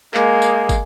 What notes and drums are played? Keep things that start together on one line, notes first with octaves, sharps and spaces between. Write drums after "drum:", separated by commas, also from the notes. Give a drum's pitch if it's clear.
G#3 A#3, drum: clap
drum: tambourine
drum: kick, tambourine